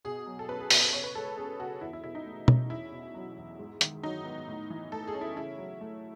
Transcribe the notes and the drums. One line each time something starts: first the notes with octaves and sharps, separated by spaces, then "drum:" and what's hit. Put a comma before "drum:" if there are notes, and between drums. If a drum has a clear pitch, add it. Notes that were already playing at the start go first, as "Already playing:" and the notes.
B2 G#4
F#3
A4
C#4 B4
G#4
B2 A4, drum: open hi-hat
B4
C#3 C#5
B4
G#3 A4
C#4 G#4
C#3 F#4
E2 E4
E4
B2 E4
D#4
A3
C#4, drum: tom
E2 E4
B2
F#3
E2
G#2
D#3, drum: hi-hat
F#3 D#4
B3
A2
E3
A3 A4
G#4
C#4
E4
C#3 E4
F#3
A3